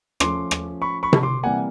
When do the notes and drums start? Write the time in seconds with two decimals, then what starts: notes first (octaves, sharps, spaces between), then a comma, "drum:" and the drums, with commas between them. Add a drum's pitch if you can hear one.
0.20 F3 A3 C#4 C6 D6, drum: rim click
0.51 drum: rim click
0.82 B5 C#6
1.03 B5 C#6
1.13 drum: tom C3
1.23 C6 D6
1.43 C3 E3 G3 A#3 F#5 G#5